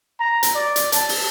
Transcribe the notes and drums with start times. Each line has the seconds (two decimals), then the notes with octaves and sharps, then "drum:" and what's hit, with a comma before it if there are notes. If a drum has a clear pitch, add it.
0.20 A#5
0.43 drum: hi-hat
0.55 D5
0.76 drum: hi-hat
0.92 A5, drum: hi-hat
1.09 drum: open hi-hat